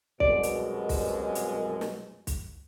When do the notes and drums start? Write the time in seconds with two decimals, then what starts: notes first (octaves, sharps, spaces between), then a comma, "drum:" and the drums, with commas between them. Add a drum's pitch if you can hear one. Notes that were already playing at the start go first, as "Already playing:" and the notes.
0.20 C2 F#2 B2 G#3 D5, drum: kick
0.43 drum: hi-hat
0.89 drum: kick, open hi-hat
1.35 drum: hi-hat
1.81 drum: snare
2.27 drum: kick, hi-hat